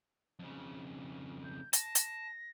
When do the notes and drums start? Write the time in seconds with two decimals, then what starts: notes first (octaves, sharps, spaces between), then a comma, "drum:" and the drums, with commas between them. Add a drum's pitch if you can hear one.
0.39 F2 C#3
1.44 G6
1.73 A5 A#6, drum: hi-hat
1.95 drum: hi-hat